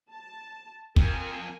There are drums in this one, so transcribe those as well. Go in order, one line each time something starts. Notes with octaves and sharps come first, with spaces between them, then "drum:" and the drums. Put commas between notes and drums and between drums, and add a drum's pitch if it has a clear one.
A5
F2 A#4 G#5, drum: kick